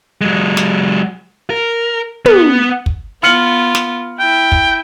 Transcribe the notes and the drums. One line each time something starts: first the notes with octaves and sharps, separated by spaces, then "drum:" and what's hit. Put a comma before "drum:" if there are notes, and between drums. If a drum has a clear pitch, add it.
F#3 G#3
drum: snare
A#4
B3, drum: tom
drum: kick
B3 F4 F6 C#7 F#7
drum: snare
E4 G5
drum: kick